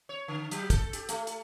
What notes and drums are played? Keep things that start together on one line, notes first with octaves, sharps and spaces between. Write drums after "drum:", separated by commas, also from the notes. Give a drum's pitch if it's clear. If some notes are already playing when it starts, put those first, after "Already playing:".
C#5
D3
F#3, drum: hi-hat
A4, drum: kick, hi-hat
G4, drum: hi-hat
A3, drum: hi-hat
drum: hi-hat